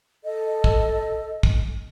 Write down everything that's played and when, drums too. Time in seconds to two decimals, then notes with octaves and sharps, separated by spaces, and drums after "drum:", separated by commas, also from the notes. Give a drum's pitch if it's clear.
0.25 A4 D#5
0.64 drum: kick
1.43 drum: kick